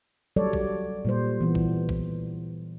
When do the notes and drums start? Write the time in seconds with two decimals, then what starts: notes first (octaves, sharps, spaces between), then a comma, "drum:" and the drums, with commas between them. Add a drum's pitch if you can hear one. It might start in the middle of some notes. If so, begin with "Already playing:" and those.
0.36 F#3 G3 A4 C#5 D5
0.53 drum: kick A1
1.05 A#2 G3 C5
1.41 E3 B3
1.55 drum: kick A1
1.89 drum: kick A1